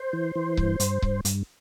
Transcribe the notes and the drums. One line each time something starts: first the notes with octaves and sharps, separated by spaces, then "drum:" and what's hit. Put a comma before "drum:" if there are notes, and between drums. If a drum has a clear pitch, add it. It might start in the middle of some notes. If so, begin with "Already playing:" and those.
Already playing: C5
E3
E3
G2, drum: kick C#1
G2, drum: hi-hat
G2, drum: kick C#1
G2, drum: hi-hat